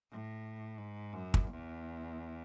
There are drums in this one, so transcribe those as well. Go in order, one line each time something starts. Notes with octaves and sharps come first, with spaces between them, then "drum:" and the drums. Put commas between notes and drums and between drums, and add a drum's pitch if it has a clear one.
A2
G#2
F#2
drum: kick
E2